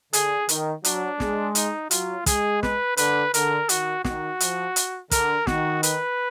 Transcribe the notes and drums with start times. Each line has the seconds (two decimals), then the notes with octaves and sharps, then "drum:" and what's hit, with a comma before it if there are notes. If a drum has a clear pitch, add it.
0.13 D3 G#4, drum: hi-hat
0.49 D#3, drum: hi-hat
0.84 F#3 D4, drum: hi-hat
1.20 G#3, drum: snare
1.55 D#4, drum: hi-hat
1.91 F#3 F4, drum: hi-hat
2.26 G#3 G#4, drum: kick, hi-hat
2.63 B4, drum: snare
2.97 D3 B4, drum: hi-hat
3.34 D3 A#4, drum: hi-hat
3.69 D#3 F#4, drum: hi-hat
4.05 D#3 F#4, drum: snare
4.40 F3, drum: hi-hat
4.76 drum: hi-hat
5.11 D3 A#4, drum: kick, hi-hat
5.47 D#3 F#4, drum: snare
5.83 B4, drum: hi-hat